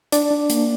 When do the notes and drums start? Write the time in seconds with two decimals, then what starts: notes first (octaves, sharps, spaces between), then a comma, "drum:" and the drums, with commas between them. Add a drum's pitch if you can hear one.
0.12 D4 D5, drum: hi-hat
0.31 D4
0.50 A#3, drum: hi-hat